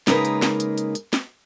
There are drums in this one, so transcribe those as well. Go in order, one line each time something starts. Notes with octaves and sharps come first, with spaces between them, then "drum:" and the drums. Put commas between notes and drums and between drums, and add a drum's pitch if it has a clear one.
C#3 G#3 A#3 D#4 A#4 B4, drum: snare
drum: hi-hat
drum: snare
drum: hi-hat
drum: hi-hat
drum: hi-hat
drum: snare